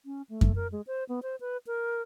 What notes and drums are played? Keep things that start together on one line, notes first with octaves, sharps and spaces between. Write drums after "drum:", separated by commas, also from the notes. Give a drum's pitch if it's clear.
C#4
A3
drum: kick F#2
A#4
G#3
C5
B3
C5
B4
A#4